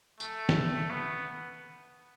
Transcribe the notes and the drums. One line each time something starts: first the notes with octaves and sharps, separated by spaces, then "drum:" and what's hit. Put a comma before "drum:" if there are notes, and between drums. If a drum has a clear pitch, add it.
A3, drum: tambourine
drum: snare
B3